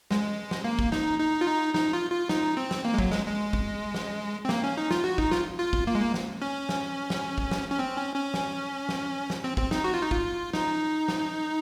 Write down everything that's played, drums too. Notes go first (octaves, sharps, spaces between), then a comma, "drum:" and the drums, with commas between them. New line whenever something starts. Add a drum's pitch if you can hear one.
G#3, drum: snare
drum: snare
A#3
drum: kick
D#4, drum: snare
D#4
F4
D#4
D#4, drum: snare
F4
F4
D#4, drum: snare
C4
drum: snare
A#3
G#3
F#3, drum: kick
G#3, drum: snare
G#3
drum: kick
drum: snare
C4
A#3, drum: snare
C#4
D#4
F4, drum: snare
F#4
D#4, drum: kick
F4, drum: snare
F4
drum: kick
A#3
G#3
A#3
drum: snare
C#4
drum: snare
drum: snare
drum: kick
drum: snare
C#4
C4
C#4
C#4
drum: snare
drum: snare
drum: snare
C4
C4, drum: kick
D#4, drum: snare
F#4
F4
D#4
F4, drum: kick
D#4, drum: snare
drum: snare